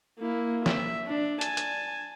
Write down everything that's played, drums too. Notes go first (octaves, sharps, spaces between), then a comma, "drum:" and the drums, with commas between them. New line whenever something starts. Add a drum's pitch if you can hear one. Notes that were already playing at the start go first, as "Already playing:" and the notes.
A#3 E4
E5, drum: snare
D4
G#5 A5, drum: hi-hat
drum: hi-hat